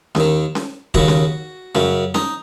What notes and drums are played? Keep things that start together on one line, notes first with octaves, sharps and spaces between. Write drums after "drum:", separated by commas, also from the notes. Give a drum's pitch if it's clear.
D#2 D#3, drum: snare C#4
drum: snare C#4
D#2 C#3 F#4, drum: kick
drum: snare C#4
F#2 C#3, drum: snare C#4
D#4, drum: snare C#4